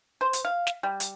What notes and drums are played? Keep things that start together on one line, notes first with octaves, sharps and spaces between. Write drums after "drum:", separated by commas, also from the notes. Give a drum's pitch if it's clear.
C5
drum: hi-hat
F5
drum: snare
G3
drum: hi-hat